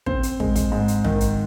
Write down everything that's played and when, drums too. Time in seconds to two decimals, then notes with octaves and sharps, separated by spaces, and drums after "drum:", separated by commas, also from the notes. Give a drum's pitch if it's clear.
0.06 C4 C5, drum: kick
0.23 drum: hi-hat
0.40 G#3, drum: kick
0.56 drum: kick, hi-hat
0.72 G#2
0.88 drum: hi-hat
1.04 D#3, drum: tom
1.20 drum: hi-hat